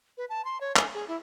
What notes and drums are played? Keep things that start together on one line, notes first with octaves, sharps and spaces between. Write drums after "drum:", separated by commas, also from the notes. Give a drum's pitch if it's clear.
B4
A5
C6
C#5
G#5, drum: clap
G#4
E4